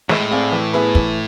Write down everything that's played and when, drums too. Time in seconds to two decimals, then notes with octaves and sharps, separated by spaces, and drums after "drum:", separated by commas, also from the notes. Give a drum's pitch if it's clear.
0.09 A2 G#3, drum: snare
0.31 C4 G#4 D5 F5
0.52 E3
0.74 B3 E4 G#4 B4
0.95 E3, drum: kick